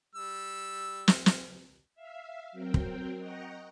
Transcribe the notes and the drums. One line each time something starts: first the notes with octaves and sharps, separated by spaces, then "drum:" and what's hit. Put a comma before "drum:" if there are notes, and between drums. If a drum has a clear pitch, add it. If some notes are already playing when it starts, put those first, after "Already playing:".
G3 E6
drum: snare
drum: snare
E5 F5
F#3 C4 A#4 G5
drum: kick
D#5 F#5 G5 A#5 C#6